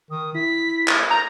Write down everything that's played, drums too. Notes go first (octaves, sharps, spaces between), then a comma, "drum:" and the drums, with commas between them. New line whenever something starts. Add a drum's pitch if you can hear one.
D#3 D#6
E4 B6
A6, drum: clap
A#5 G6